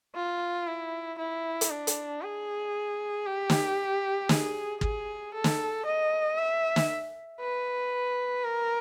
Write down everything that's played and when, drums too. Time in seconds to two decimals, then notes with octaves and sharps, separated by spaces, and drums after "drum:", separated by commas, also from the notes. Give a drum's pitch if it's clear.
0.15 F4
0.67 E4
1.18 E4
1.61 drum: hi-hat
1.71 D4
1.87 drum: hi-hat
2.22 G#4
3.26 G4
3.50 drum: snare
4.29 G#4, drum: snare
4.81 G#4, drum: kick
5.34 A4
5.44 drum: snare
5.85 D#5
6.38 E5
6.76 drum: snare
7.40 B4
8.44 A#4